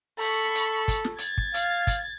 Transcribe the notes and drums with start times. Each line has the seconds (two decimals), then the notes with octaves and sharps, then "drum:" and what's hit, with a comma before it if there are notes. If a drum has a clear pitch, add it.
0.19 A4 B5 C#6, drum: open hi-hat
0.55 drum: hi-hat
0.88 drum: kick, hi-hat
1.04 drum: snare
1.18 G#6 A6, drum: hi-hat
1.38 drum: kick
1.54 F5, drum: hi-hat
1.87 drum: kick, hi-hat